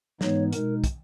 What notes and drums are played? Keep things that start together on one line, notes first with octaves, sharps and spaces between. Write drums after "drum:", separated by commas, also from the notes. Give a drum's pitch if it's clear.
G#2 E3 G#3 B3 D#4 C#5, drum: snare
B2 G#3 D#4 A#4, drum: hi-hat
drum: kick, hi-hat